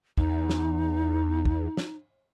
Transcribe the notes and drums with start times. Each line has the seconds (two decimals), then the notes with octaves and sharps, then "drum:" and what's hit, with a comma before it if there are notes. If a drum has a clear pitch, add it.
0.18 E2 D#4, drum: kick
0.50 drum: snare
1.45 drum: kick
1.77 drum: snare